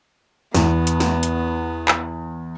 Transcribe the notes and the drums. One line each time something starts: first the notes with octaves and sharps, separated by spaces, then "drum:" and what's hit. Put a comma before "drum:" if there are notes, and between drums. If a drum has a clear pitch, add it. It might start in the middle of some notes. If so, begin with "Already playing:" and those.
E2 B3, drum: snare
drum: hi-hat
drum: snare
drum: hi-hat
drum: clap